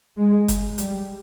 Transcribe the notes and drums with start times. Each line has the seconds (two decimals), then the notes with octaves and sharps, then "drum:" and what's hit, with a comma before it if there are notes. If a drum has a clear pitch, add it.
0.18 G#3
0.48 drum: kick F#1, hi-hat
0.78 G3, drum: hi-hat